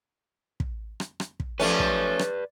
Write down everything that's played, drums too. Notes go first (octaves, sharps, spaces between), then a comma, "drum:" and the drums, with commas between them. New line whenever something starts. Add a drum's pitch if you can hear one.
drum: kick
drum: rim click
drum: rim click
drum: kick
F3 A3 C#4 B4 D5
drum: kick
drum: rim click